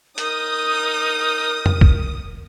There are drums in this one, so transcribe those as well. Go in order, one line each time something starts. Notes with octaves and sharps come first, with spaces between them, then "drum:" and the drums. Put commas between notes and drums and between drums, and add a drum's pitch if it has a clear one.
D#4 A#4 D#6, drum: hi-hat
drum: tom F2
drum: kick